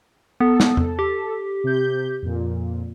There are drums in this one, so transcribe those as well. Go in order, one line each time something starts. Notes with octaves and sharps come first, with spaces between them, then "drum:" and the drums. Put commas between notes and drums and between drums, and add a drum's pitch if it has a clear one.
B3 A4
drum: snare
drum: tom E2
G4
C3 G6
F2 A#2